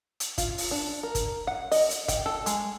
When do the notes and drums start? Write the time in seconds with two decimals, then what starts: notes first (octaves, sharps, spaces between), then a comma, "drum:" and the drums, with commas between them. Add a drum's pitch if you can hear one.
0.20 drum: hi-hat
0.38 F4, drum: kick, hi-hat
0.58 drum: open hi-hat
0.71 D4
1.03 A#4
1.15 drum: kick, hi-hat
1.47 F#5
1.72 D#5, drum: open hi-hat
1.90 drum: hi-hat
2.08 G5, drum: kick, hi-hat
2.26 A4
2.46 G#3, drum: hi-hat